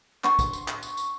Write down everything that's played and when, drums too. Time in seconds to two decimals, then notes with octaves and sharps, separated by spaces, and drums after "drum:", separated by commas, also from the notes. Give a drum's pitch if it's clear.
0.24 C6 C#6, drum: clap
0.39 drum: kick, tambourine
0.53 drum: tambourine
0.68 drum: clap
0.83 drum: tambourine
0.97 drum: tambourine